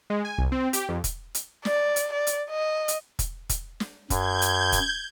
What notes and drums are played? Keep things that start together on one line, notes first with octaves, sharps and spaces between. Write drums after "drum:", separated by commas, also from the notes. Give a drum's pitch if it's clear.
G#3
G#5
C2
C4
G4, drum: hi-hat
F2
drum: kick, hi-hat
drum: hi-hat
D5, drum: snare
drum: hi-hat
D5
drum: hi-hat
D#5
drum: hi-hat
drum: kick, hi-hat
drum: kick, hi-hat
drum: snare
F#2 G6 G#6, drum: kick, hi-hat
drum: hi-hat
drum: kick, hi-hat